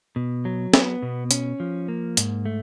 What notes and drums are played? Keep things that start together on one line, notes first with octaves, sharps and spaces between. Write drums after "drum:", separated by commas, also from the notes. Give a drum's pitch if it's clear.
B2
F#3
B3, drum: snare
B2
C#4, drum: hi-hat
F3
A#3
G#2, drum: hi-hat
A3